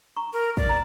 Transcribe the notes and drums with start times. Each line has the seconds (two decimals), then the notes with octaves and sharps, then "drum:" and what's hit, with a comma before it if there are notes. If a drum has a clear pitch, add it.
0.16 A#5 C#6
0.33 A#4
0.57 D5, drum: kick
0.69 A#5